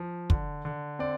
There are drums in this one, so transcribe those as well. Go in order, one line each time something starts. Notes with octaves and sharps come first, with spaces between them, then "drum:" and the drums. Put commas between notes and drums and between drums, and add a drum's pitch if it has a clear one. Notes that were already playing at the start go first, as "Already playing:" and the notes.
Already playing: F3
D3, drum: kick
D3
C4 D5